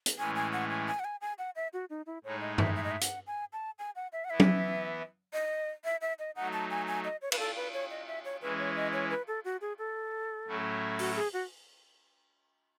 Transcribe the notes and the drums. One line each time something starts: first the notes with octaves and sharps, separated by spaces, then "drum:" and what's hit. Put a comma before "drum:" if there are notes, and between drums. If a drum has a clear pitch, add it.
drum: hi-hat
A2 E3 G#3 C#4 G#5
G#5
F#5
G#5
G#5
F#5
G#5
G#5
F#5
E5
F#4
D#4
E4
A2 G#3 D#4 C#5
D#5
E5, drum: tom G2
E5
D#5
E5
F#5, drum: hi-hat
G#5
A5
G#5
F#5
E5
F#5
E3 B3 E4 E5
drum: tom F#3
D#5
E5
E5
D#5
F#3 A3 D#4 F#5
A5
G#5
G#5
D#5
C#5
B4, drum: cymbal
A4
B4
C#5
D#5
E5
C#5
E3 G#3 C#4 E4 B4
C#5
D#5
C#5
B4
A4
F#4
G#4
A4
A2 F#3 A3 C#4 E4
F#4, drum: open hi-hat
G#4
F#4